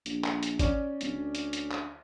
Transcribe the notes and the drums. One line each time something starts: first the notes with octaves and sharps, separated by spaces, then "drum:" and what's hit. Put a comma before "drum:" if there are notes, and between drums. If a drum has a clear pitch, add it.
A#1, drum: hi-hat
drum: clap
drum: hi-hat
C#4 D5, drum: kick, hi-hat
D1, drum: hi-hat
D2
drum: hi-hat
drum: hi-hat
drum: clap